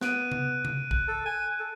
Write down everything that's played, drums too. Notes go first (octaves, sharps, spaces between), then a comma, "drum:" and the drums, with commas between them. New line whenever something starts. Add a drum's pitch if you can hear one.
B3 F#6 D7 D#7, drum: snare
drum: tom C3
drum: tom C3
F#6, drum: kick
A4
G#5
A4